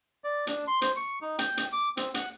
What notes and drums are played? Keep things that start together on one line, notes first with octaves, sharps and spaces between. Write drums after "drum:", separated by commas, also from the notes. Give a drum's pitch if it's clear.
D5
D4, drum: hi-hat
C6
C5, drum: hi-hat
C#6
D#4
G5, drum: hi-hat
drum: hi-hat
D6
C4, drum: hi-hat
F#5, drum: hi-hat